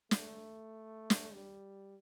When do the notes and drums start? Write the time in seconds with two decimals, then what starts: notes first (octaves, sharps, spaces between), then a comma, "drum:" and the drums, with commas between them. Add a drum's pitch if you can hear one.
0.11 A3, drum: snare
1.10 drum: snare
1.33 G3